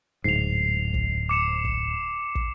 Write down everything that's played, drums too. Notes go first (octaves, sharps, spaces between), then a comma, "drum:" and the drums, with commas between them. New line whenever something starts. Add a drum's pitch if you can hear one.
D1 G#2 C7 F7
drum: kick
D6 C#7 E7
drum: kick
drum: kick